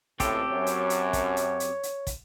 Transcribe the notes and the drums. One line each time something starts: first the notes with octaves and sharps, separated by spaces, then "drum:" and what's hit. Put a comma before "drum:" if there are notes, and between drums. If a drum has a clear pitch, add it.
C#2 A2 C4 G4 A4, drum: kick, hi-hat
F#2 C#5
drum: hi-hat
drum: hi-hat
drum: kick, hi-hat
drum: hi-hat
drum: hi-hat
drum: hi-hat
drum: kick, hi-hat